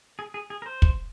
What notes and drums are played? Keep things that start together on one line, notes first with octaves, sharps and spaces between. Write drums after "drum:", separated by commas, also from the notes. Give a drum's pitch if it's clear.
G#4
G#4
G#4
A#4
C5
drum: kick